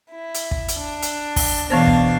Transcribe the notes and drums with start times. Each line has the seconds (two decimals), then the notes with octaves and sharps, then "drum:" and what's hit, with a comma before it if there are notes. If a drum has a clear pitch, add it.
0.11 E4
0.34 drum: hi-hat
0.51 drum: kick
0.68 drum: hi-hat
0.77 D4
1.02 drum: hi-hat
1.36 drum: kick, open hi-hat
1.70 B2 E3 B3 D4 C5 F5
1.87 drum: kick